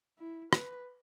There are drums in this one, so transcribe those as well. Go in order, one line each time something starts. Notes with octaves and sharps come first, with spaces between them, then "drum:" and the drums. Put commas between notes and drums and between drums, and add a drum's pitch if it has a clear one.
E4
B4, drum: rim click